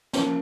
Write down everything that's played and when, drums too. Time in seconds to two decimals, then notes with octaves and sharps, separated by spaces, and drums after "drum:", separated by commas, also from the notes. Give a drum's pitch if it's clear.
0.13 F3 A#3 C#4, drum: snare